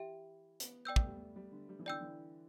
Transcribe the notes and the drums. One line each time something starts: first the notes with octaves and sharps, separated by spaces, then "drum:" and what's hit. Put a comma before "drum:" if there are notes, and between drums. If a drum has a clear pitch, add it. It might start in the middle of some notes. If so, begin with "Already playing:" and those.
Already playing: E3 G4 E5 G5
B3, drum: hi-hat
B3 D5 G5 E6 G6
A3, drum: kick
G3
A3
G3
D3
G3
E3
D3 D5 G5 E6 G6
E3